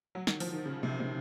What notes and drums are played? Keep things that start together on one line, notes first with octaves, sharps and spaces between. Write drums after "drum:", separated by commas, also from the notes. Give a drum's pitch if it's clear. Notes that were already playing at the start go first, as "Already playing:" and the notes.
F#3
D#3, drum: snare
F3, drum: open hi-hat
D#3
C#3
C3
C3